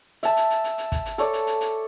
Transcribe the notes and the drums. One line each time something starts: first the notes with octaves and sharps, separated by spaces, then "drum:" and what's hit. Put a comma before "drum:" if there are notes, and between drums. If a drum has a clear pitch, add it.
E5 A5, drum: hi-hat
drum: hi-hat
drum: hi-hat
drum: hi-hat
drum: hi-hat
drum: kick, hi-hat
drum: hi-hat
A4 C#5 D5, drum: hi-hat
drum: hi-hat
drum: hi-hat
drum: hi-hat